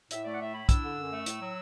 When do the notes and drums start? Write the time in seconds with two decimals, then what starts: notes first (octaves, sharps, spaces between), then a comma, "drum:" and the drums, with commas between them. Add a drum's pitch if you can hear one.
0.11 A2 E5, drum: hi-hat
0.25 A3 D5
0.34 F#5
0.40 A2 E5
0.54 E4 B5
0.69 D4 E6, drum: kick, hi-hat
0.83 D3
0.97 F#2
1.12 A3
1.26 A2, drum: hi-hat
1.41 F#3